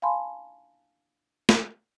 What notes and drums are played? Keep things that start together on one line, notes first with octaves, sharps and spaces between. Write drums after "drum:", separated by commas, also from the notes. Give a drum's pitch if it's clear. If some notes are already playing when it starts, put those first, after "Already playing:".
F5 G#5 A5 B5 C6
drum: snare